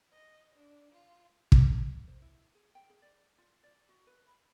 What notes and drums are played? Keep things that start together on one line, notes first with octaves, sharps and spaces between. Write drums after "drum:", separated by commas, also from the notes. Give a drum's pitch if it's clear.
D#5
D4
F4
drum: kick
C5
E4
G#4
G5
G#4
D5
F4
D5
F#4
B4
B5